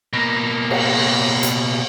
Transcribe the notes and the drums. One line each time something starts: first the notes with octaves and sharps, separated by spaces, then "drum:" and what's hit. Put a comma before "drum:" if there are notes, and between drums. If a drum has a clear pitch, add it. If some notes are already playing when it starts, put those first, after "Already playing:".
B2 A#3
drum: cymbal
drum: hi-hat